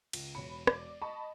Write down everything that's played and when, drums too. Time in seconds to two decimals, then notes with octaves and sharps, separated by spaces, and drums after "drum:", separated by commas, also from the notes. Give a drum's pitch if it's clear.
0.13 C#2, drum: cymbal
0.35 E1 C#5 B5 C#7
0.67 D5, drum: rim click
1.02 D#5 A5 B5 C#6